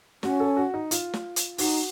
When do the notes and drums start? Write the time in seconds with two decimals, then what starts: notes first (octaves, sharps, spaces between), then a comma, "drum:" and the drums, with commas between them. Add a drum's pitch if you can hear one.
0.23 C#4 F#4, drum: snare
0.40 A4
0.57 F#4
0.74 D#4
0.91 F4, drum: hi-hat
1.14 drum: snare
1.36 drum: hi-hat
1.58 D#4 F#4, drum: open hi-hat